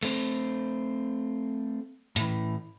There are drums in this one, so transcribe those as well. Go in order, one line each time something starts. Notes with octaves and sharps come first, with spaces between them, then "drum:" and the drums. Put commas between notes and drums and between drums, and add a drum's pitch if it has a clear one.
A3 C4, drum: open hi-hat
A2 E3, drum: hi-hat